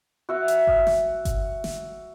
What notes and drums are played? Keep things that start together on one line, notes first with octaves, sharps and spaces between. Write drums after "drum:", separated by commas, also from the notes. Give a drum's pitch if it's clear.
F#4 E5 F#5
drum: hi-hat
drum: kick G1
drum: snare
drum: kick G1, hi-hat
drum: snare